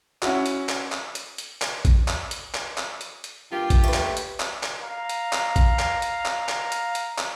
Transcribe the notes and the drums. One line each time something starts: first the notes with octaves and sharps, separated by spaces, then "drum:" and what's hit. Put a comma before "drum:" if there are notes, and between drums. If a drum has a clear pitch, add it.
C#4 E4 F#4, drum: clap
drum: hi-hat
drum: clap
drum: clap
drum: hi-hat
drum: hi-hat
drum: clap
drum: kick A1, hi-hat
drum: clap
drum: hi-hat
drum: clap
drum: clap
drum: hi-hat
drum: hi-hat
G2 A#3 F4 G4
drum: kick A1, hi-hat
A3 B4
drum: clap
drum: hi-hat
drum: clap
drum: clap
F5 A#5
drum: hi-hat
drum: clap
drum: kick A1, hi-hat
drum: clap
drum: hi-hat
drum: clap
drum: clap
drum: hi-hat
drum: hi-hat
drum: clap